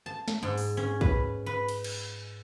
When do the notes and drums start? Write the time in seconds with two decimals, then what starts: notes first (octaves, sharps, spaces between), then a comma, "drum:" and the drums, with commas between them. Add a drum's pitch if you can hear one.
0.06 A5
0.28 drum: snare
0.43 G#2
0.58 drum: open hi-hat
0.77 C#4
1.01 B4, drum: kick
1.46 B4
1.68 drum: cymbal
1.84 drum: cymbal